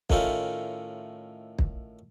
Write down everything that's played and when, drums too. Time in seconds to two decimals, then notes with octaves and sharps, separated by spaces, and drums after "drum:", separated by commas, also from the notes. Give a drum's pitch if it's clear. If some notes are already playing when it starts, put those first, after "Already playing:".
0.10 A2 D#3 A3 C#4 E4 F4, drum: kick
1.59 drum: kick